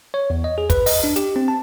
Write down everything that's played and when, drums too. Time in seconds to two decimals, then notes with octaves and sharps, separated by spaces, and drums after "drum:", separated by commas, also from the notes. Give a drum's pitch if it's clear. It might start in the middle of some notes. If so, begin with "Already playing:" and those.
0.14 C#5
0.30 E2
0.44 D#5
0.58 G#4
0.70 B4, drum: kick, hi-hat
0.86 D#5, drum: open hi-hat
1.04 D4
1.16 G4, drum: hi-hat
1.36 C4
1.48 A5